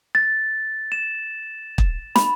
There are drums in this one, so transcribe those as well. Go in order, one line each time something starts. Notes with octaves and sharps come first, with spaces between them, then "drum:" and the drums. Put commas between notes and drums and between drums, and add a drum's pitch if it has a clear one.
A6
E7
drum: kick
B5, drum: snare